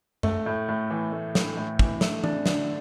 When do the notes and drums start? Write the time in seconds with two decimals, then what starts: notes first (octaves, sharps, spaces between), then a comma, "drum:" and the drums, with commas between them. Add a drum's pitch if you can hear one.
0.23 A3, drum: tom F#2
0.46 A2
0.69 A2
0.90 E3
1.12 A3
1.35 A2, drum: snare
1.57 A2
1.79 E3, drum: kick
2.01 A3, drum: snare
2.24 D4, drum: tom E3
2.46 D3, drum: snare